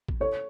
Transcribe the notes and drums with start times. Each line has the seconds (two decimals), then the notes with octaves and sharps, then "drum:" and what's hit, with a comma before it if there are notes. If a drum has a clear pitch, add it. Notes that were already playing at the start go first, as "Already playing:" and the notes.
0.08 drum: kick A1
0.20 A4 C#5